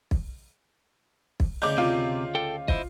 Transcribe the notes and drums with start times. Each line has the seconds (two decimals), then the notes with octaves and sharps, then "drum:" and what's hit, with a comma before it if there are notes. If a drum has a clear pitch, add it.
0.11 drum: kick
1.40 drum: kick
1.62 D2 C#3 D#4 D6 G6
1.78 C3 F4
2.35 A4 G5
2.68 E4 C5 D#5, drum: kick